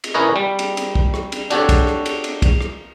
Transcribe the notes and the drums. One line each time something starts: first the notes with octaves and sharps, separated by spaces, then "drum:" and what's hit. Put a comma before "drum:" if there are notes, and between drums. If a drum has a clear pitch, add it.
drum: cymbal
C#4 E4 A#4 B4 C#5 D#5
G3
drum: cymbal
drum: cymbal
drum: kick
drum: rim click
drum: cymbal
D4 F#4 G4 A4 C#5, drum: cymbal
drum: kick, cymbal
drum: rim click
drum: cymbal
drum: cymbal
drum: kick, cymbal
drum: rim click